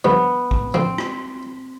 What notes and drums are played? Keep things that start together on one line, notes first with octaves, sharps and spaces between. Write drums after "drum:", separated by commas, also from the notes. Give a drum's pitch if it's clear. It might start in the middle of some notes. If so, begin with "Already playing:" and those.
G2 D3 F3 B3
drum: kick A#1
D3 F3 C4
drum: rim click